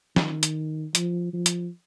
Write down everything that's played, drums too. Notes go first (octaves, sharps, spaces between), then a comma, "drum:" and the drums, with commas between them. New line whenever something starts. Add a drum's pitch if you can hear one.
D#3, drum: snare
drum: hi-hat
F3, drum: hi-hat
F3
drum: hi-hat